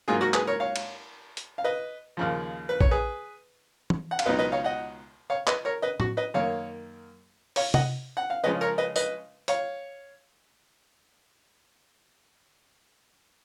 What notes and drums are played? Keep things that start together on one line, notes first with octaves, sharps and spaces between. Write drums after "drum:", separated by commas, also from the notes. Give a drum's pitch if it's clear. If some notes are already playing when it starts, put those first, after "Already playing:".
G#2 F#3 A#3 F4 G#4
F#4 A#4
G#4 B4, drum: clap
A#4 C#5
C#5 F5
drum: cymbal
drum: hi-hat
F5
B4 D#5
D#2 C#3 F3
B4
C#5, drum: kick A1
G#4 B4
drum: tom
F#5
F5, drum: cymbal
C#2 B2 F#3 B3 D#4 B4 D#5
B4 D#5
C#5 F5
D#5 F#5
C#5 F5
B4 D#5, drum: clap
A#4 C#5
B4 D#5
F#4, drum: tom A2
B4 D#5
F#2 D#3 A#3 C#5 F5
C#5 F5, drum: open hi-hat
D#5 F#5, drum: tom
F#5
F5
C#3 F3 G#3 C#4 B4 D#5
A#4 C#5
B4 D#5
B4 D#5, drum: tambourine
C#5 F5, drum: hi-hat